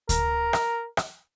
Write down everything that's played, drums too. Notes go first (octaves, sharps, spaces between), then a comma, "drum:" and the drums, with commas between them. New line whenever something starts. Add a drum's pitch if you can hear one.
A#4, drum: kick D2, hi-hat
drum: rim click
drum: rim click